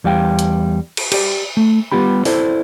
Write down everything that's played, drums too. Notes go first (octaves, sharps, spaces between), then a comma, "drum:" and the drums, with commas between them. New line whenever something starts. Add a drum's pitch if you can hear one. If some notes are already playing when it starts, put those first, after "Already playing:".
E2 G3 F5 G5
drum: hi-hat
drum: cymbal
G4 D5, drum: cymbal
A3
G3 B3 F4 G4 B5
E4 A4 C5 D5 E5, drum: open hi-hat